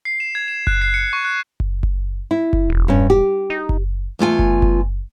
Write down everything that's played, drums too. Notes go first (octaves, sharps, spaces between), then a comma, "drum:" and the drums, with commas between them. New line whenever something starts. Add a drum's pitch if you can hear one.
C7
E7
G#6
E7
F#6, drum: kick F#1
C7
C#7
C#6
F#6
drum: kick F#1
drum: kick F#1
E4
drum: kick F#1
E1
G2 C#4
G4
D#4
drum: kick F#1
E2 A3 F4 G#5
drum: kick F#1
drum: kick F#1